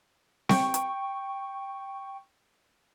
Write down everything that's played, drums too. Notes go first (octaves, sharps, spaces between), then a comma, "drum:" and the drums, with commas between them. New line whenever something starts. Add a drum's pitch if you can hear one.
G5 C#6, drum: snare C4
drum: hi-hat